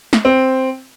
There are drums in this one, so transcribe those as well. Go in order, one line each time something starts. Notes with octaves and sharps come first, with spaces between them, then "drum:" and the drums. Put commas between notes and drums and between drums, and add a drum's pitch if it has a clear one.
drum: snare
C4